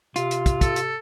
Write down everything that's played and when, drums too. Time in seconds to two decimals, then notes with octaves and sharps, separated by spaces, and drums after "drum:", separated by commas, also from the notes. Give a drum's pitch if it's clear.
0.16 C3 F4, drum: hi-hat
0.31 drum: hi-hat
0.46 drum: kick, hi-hat
0.61 A4, drum: kick, hi-hat
0.76 drum: hi-hat